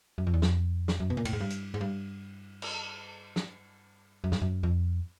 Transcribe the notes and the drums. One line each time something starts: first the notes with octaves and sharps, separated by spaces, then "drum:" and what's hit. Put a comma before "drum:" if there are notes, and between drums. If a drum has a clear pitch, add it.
F#2
F2
E2
F2, drum: snare
drum: snare
F#2
B2
A#2
A2, drum: cymbal
G#2
G2
drum: hi-hat
G#2
G2
drum: cymbal
drum: snare
F#2
G2, drum: snare
F#2
F2